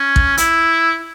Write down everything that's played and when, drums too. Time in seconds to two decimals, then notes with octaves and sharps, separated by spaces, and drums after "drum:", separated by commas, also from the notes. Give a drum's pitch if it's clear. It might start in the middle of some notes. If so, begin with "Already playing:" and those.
Already playing: C#4
0.16 drum: kick A1
0.37 E4, drum: hi-hat